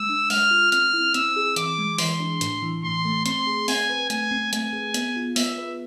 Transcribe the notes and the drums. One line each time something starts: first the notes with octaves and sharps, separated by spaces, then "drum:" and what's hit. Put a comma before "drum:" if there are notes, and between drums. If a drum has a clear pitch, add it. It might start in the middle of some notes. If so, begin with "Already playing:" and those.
Already playing: G#3 E6
D4
G#3 F6, drum: open hi-hat
F4
C4 F6, drum: hi-hat
E4
C4 E6, drum: hi-hat
G#4
E3 D6, drum: hi-hat
G#3
E3 C6, drum: open hi-hat
D4
A2, drum: hi-hat
E3
A2 C6
A3
C4 C6, drum: hi-hat
G#4
C4 G#5, drum: open hi-hat
B4
A3 G#5, drum: hi-hat
C4
A3 G#5, drum: hi-hat
G#4
B3, drum: hi-hat
F4
B3 E5, drum: open hi-hat
B4